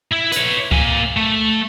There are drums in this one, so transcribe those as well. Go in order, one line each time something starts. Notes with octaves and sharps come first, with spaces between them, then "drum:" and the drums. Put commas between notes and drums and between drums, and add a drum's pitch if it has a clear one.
E4
B4 C#5, drum: hi-hat
A#3 G#5, drum: kick C#2
A3